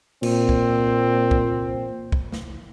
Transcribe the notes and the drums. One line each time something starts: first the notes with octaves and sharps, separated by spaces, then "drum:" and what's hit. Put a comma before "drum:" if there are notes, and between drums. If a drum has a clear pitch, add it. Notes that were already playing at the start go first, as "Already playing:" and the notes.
A#2 C4, drum: cymbal
drum: kick
drum: kick
drum: kick
drum: snare